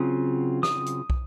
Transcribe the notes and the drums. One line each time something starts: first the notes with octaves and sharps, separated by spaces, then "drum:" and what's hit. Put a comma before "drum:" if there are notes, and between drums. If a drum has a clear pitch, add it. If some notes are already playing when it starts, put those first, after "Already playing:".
Already playing: C#3 F#3 C4 F4 D#6
D#6, drum: snare
drum: hi-hat
drum: kick